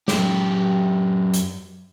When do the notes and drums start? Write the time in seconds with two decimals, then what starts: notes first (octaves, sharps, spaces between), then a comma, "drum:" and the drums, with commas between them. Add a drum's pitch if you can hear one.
0.08 F#2 G4, drum: snare
1.34 drum: hi-hat